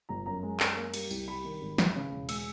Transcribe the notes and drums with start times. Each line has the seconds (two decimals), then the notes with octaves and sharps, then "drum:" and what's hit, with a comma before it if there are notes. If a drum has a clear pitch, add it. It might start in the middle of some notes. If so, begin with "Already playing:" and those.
0.09 G1 A#5
0.26 F#2 A#5
0.43 G#3
0.60 F#2, drum: clap
0.77 A#3
0.94 G3, drum: cymbal
1.11 C2, drum: tambourine
1.27 G3 B5
1.44 D#3
1.61 G#1
1.78 E3, drum: snare
1.95 C#3
2.12 E1
2.29 G#3 E6, drum: cymbal